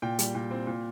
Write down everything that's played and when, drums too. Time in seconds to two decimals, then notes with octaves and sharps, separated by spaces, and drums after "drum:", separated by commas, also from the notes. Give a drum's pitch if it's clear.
0.02 A#2 G5
0.19 G3, drum: hi-hat
0.35 A#2
0.51 C4
0.67 A#2